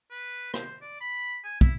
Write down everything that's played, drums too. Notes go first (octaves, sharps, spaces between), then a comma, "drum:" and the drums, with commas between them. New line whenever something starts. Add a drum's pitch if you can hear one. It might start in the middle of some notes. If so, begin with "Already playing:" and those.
B4
C5, drum: rim click
D5
B5
G#5
E4, drum: kick